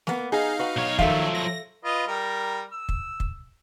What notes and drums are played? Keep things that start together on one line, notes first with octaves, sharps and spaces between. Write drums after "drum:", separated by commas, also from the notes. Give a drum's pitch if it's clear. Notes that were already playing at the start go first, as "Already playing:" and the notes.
A#3 B3, drum: snare
D#4 G#4 F5
F#4 B4
B1 C#5
D#3 F3 F#3 A4 E5 F5, drum: kick
A#6
F4 B4 D#5
G3 A#4
E6
drum: kick
drum: kick